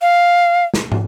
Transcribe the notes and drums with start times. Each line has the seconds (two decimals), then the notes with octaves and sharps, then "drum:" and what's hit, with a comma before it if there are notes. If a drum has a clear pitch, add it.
0.02 F5
0.74 drum: snare
0.92 drum: tom